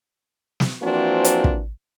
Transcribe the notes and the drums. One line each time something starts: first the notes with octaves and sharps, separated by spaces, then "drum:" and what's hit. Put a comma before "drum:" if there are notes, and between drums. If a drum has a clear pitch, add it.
drum: snare
E3 F3 A#3 C4 D4 F#4
drum: hi-hat
drum: kick